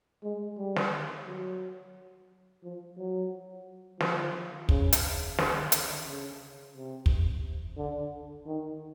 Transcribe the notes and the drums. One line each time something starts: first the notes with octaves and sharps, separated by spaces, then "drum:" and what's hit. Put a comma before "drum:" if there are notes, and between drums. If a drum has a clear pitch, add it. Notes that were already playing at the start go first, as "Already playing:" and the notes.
G#3
G3
drum: snare
F#3
F3
F#3
F3, drum: snare
C#3, drum: kick
drum: hi-hat
C#3, drum: snare
D3, drum: hi-hat
C#3
C3
drum: kick
D3
D#3